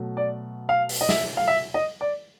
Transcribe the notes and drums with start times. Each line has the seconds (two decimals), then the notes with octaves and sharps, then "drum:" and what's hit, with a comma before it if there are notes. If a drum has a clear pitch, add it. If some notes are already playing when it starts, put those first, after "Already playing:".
Already playing: B2 F#3 A3
0.17 D5
0.69 F5
0.89 drum: open hi-hat
1.01 D#5
1.09 E5, drum: snare
1.37 F5
1.47 E5
1.74 D#5
2.01 D5